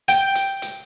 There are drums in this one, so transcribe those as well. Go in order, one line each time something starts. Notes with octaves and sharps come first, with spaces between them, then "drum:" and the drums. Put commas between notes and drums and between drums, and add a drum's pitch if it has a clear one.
G5, drum: hi-hat
drum: hi-hat
drum: hi-hat